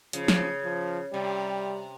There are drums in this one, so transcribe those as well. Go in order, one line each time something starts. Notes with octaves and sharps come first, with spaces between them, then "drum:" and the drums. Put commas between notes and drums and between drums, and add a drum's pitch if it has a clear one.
C#3 F3, drum: hi-hat
drum: snare
F3
C3 G3